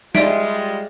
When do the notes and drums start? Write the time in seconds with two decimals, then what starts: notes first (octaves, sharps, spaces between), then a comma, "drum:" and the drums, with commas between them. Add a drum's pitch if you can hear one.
0.15 G3 G#3 F4 D5 E5 D7, drum: snare